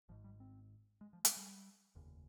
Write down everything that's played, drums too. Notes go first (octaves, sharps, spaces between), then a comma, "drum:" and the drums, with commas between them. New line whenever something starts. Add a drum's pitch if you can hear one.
G#1 G#2 F3
G3
C4
G#3
F3
G#3, drum: hi-hat
G3
F1 D#2 C#3